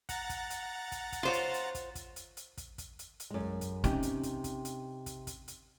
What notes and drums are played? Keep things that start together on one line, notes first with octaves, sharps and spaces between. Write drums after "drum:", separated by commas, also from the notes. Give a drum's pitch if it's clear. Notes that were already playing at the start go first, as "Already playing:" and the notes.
F#5 A#5 A6, drum: kick, hi-hat
drum: kick, hi-hat
drum: hi-hat
drum: kick, hi-hat
drum: kick, hi-hat
F4 C5 C#5
drum: hi-hat
drum: hi-hat
drum: kick, hi-hat
drum: kick, hi-hat
drum: hi-hat
drum: hi-hat
drum: kick, hi-hat
drum: kick, hi-hat
drum: hi-hat
drum: hi-hat
F#2 G#3
drum: kick
drum: kick, hi-hat
C3 C#4 D#4 G4, drum: hi-hat
drum: hi-hat
drum: kick, hi-hat
drum: kick, hi-hat
drum: hi-hat
drum: kick, hi-hat
drum: kick, hi-hat
drum: hi-hat